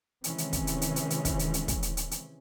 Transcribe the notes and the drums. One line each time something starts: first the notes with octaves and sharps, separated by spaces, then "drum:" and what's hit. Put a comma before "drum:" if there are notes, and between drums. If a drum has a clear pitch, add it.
C3 D#3 E3 G#3 C4 C#4, drum: hi-hat
drum: hi-hat
drum: kick, hi-hat
drum: hi-hat
drum: hi-hat
drum: hi-hat
drum: hi-hat
drum: kick, hi-hat
drum: hi-hat
drum: hi-hat
drum: kick, hi-hat
drum: hi-hat
drum: hi-hat
drum: hi-hat